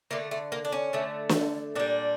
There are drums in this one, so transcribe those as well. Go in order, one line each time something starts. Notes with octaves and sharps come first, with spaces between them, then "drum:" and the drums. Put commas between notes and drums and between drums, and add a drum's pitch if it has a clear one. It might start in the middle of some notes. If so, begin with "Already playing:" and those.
D3 A3 A#3
A3
A#3
D4
C#4
D3 A3
drum: snare
A#2 G3 D4